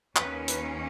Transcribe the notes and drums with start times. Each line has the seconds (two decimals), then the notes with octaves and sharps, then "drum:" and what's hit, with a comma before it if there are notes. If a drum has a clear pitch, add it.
0.16 D#2 D#3 A#3 C#4 B4, drum: clap
0.48 B4, drum: hi-hat